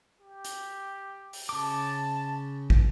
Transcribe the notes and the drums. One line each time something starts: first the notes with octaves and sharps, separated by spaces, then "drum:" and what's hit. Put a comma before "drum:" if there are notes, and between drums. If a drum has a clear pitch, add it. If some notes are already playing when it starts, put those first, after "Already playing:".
G4
drum: hi-hat
drum: open hi-hat
C#3 A5 D6
drum: kick